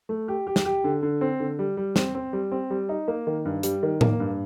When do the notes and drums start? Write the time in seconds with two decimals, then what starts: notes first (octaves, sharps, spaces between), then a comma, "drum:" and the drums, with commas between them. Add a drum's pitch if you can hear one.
0.09 A3
0.28 G4
0.47 G4
0.56 drum: snare
0.65 G4
0.84 D3
1.03 D3
1.21 C4
1.40 D3
1.59 G3
1.77 G3
1.96 C4, drum: snare
2.15 C4
2.33 G3
2.52 C4
2.70 G3
2.89 D#4
3.08 A#3
3.27 D#3
3.45 G2
3.63 G3, drum: hi-hat
3.83 D#3
4.01 A#3, drum: tom A2
4.20 G2